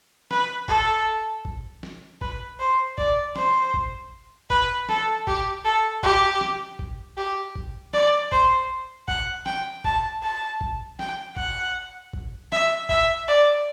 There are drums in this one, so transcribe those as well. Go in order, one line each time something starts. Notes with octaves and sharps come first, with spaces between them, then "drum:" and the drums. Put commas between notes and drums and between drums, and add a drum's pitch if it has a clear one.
B4, drum: snare
A4, drum: kick
drum: kick
drum: snare
B4, drum: kick
C5
D5, drum: kick
C5, drum: snare
drum: kick
B4, drum: kick
A4, drum: snare
G4, drum: kick
A4
G4, drum: kick
drum: snare
drum: kick
G4
drum: kick
D5, drum: snare
C5, drum: kick
F#5, drum: kick
G5, drum: snare
A5, drum: kick
A5
drum: kick
G5, drum: snare
F#5, drum: kick
drum: kick
E5, drum: snare
E5, drum: kick
D5